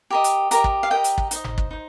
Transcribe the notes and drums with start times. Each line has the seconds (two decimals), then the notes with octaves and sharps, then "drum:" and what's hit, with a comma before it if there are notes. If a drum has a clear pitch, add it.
0.10 G4 A#4 D#5
0.24 drum: hi-hat
0.51 G4 A#4 D#5 A#5, drum: hi-hat
0.64 drum: kick
0.83 F5
0.90 G4 A#4 D#5 G5
1.04 drum: hi-hat
1.18 drum: kick
1.31 D#4 C5 D#5, drum: hi-hat
1.44 drum: tom G1
1.58 drum: kick
1.71 D#4 C5